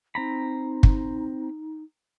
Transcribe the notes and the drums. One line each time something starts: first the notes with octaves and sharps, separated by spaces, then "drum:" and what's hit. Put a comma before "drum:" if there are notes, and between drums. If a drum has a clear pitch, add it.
C4 D#4 A#5 B5
drum: kick